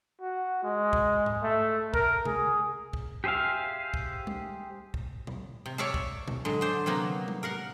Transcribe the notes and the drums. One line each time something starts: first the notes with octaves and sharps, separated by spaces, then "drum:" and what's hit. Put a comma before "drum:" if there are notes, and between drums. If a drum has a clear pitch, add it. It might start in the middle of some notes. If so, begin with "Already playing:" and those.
F#4
G#3
drum: kick
drum: tom G#2
A3
A#4, drum: kick
G#4, drum: tom C3
drum: kick
G4 G#4 C5 E5 F5
drum: kick
drum: tom G3
drum: kick
drum: tom A#2
C3
C#5 D5 E5 F5 A5
drum: kick
drum: tom A#2
D3 F#3 G#3
D4 C5
C3 F#3 A#3 B3
drum: tom G3
A#4 F5 F#5